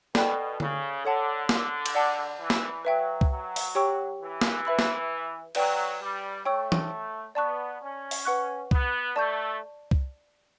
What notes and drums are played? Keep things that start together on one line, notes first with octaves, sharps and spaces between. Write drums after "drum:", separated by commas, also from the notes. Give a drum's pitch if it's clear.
B2 A4 D5 G5 B5 F#6, drum: snare
C#3, drum: tom D3
D3 A4 C#5 F#5 A5
D3, drum: snare
drum: cymbal
D5 F#5 A5 D6
E3
drum: snare
F#3 B4 E5 G5
drum: kick C2
F#3
drum: open hi-hat
G4 C#5 G5 C#6 E6
E3
drum: snare
B4 E5 B5 E6
drum: snare
F#3 B4 D5 G5, drum: cymbal
G3
A3 C#5 G5 C#6 E6
drum: tom E3
B3 D5 A5 C#6 F#6
C#4
drum: open hi-hat
B4 F#5 C#6 F#6
B3, drum: kick C2
A3 D5 A5 C#6 G6
drum: kick C2